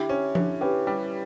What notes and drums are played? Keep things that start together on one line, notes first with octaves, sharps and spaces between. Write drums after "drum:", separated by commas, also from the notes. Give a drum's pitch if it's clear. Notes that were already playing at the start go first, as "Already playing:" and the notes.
Already playing: D3 E4 G4
C#4
D3, drum: tom F3
C#4 G4 B4
G3